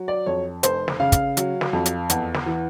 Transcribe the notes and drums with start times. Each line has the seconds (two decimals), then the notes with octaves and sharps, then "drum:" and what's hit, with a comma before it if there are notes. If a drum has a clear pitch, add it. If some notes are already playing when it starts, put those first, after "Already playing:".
Already playing: F#3
0.08 D5
0.26 F2 C#5
0.63 F1 C5, drum: hi-hat
0.88 drum: snare
1.00 C#3 F5
1.12 drum: kick, hi-hat
1.37 F#3, drum: hi-hat
1.61 drum: snare
1.73 F2
1.86 drum: hi-hat
2.10 E2, drum: hi-hat
2.34 drum: snare
2.46 E3